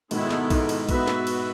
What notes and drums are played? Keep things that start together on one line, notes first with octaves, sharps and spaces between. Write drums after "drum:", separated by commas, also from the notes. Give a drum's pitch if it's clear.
G#2 B2 D#3 G#3 B3 E4 A4, drum: cymbal
drum: snare
G#2, drum: kick A#1, cymbal
drum: cymbal
B3 F#4 B4 E5, drum: kick A#1, cymbal
drum: snare
drum: cymbal